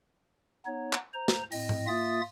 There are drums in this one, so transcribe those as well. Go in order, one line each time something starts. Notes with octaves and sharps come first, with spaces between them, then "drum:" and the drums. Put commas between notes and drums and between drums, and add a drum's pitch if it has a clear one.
B3 D#4 C#5
drum: clap
C5 A#5
drum: snare
A2 C4 D#5, drum: open hi-hat
drum: tom G#2
A#3 F4 E5 D#6 A6